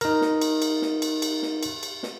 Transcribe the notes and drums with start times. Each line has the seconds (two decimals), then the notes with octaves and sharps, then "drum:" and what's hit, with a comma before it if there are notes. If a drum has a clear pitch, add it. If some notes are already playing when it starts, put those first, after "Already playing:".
0.01 D#4 A#4, drum: cymbal
0.21 drum: snare
0.42 drum: cymbal
0.62 drum: cymbal
0.82 drum: snare
1.02 drum: cymbal
1.22 drum: cymbal
1.42 drum: snare
1.63 drum: cymbal
1.83 drum: cymbal
2.03 drum: snare